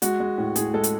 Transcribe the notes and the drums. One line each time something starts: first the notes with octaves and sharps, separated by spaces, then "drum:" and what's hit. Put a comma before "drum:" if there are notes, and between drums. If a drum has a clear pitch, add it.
G#3 F#4, drum: hi-hat
G#3
A2
A2 G#4, drum: hi-hat
G#3 A4
drum: hi-hat